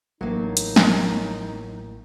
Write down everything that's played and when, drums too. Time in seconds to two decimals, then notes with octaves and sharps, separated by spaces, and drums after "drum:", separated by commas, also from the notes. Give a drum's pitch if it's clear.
0.21 A1 A2 F#3 A#3 D#4
0.57 drum: hi-hat
0.76 drum: snare